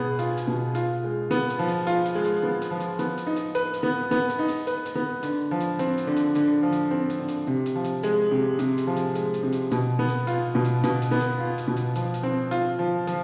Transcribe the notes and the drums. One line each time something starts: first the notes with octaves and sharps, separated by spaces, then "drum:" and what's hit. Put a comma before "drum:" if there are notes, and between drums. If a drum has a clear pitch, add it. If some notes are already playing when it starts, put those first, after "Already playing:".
Already playing: B2 B3 G#4
F4, drum: hi-hat
drum: hi-hat
B2
F4, drum: hi-hat
G#3
B3, drum: hi-hat
drum: hi-hat
F3
drum: hi-hat
F4, drum: hi-hat
drum: hi-hat
G#3
drum: hi-hat
B3
drum: hi-hat
F3
drum: hi-hat
B3, drum: hi-hat
drum: hi-hat
D#4
drum: hi-hat
B4, drum: hi-hat
drum: hi-hat
B3
B3, drum: hi-hat
drum: hi-hat
D#4
drum: hi-hat
B4, drum: hi-hat
drum: hi-hat
B3
D3, drum: hi-hat
F3
drum: hi-hat
C4, drum: hi-hat
drum: hi-hat
D3
drum: hi-hat
D3, drum: hi-hat
F3
drum: hi-hat
C4
drum: hi-hat
D3
drum: hi-hat
C3
drum: hi-hat
F3
drum: hi-hat
G#3, drum: hi-hat
C3
C3, drum: hi-hat
drum: hi-hat
F3
drum: hi-hat
G#3, drum: hi-hat
drum: hi-hat
C3
drum: hi-hat
B2, drum: hi-hat
B3
drum: hi-hat
F4, drum: hi-hat
B2
drum: hi-hat
B2, drum: hi-hat
drum: hi-hat
B3
drum: hi-hat
F4
drum: hi-hat
B2
drum: hi-hat
F3, drum: hi-hat
drum: hi-hat
C4
F4, drum: hi-hat
F3
F3, drum: hi-hat